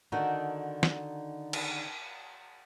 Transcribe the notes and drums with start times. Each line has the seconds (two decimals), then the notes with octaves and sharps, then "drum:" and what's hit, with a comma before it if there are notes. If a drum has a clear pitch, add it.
0.12 D3 D#3 D#4 F#4 A4 A#4
0.83 drum: snare
1.53 drum: cymbal